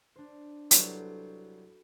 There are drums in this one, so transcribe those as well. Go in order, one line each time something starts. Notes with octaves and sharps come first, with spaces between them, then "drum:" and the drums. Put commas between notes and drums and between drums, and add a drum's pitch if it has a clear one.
D4 C5
C2 F#3 F#4 A4 B4 C5, drum: hi-hat